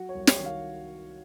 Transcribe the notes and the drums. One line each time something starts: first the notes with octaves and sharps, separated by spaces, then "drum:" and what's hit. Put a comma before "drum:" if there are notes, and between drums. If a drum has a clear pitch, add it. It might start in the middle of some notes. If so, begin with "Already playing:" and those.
Already playing: F#3 F#4
C#5
C2
C#5, drum: snare
D#3
F5